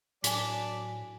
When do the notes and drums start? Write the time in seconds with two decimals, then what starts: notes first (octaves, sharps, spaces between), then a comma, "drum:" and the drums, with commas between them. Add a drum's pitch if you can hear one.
0.24 A2 F#3 D4 D5 G#5 B6, drum: hi-hat